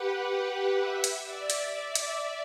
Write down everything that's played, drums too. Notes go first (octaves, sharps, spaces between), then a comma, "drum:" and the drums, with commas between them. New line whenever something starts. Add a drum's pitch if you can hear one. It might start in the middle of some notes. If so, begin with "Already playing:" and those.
Already playing: G4 B4 F#5
E5
drum: hi-hat
D5
drum: hi-hat
D5
drum: hi-hat